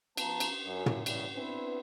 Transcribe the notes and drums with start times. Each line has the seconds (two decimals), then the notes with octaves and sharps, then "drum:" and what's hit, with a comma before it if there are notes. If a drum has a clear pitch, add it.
0.17 F3 B3 A5 A#5, drum: cymbal
0.40 drum: cymbal
0.66 F#2
0.86 drum: tom
1.06 E2 C#3 E3 G3, drum: cymbal
1.35 B3 C4 D4 E4 B4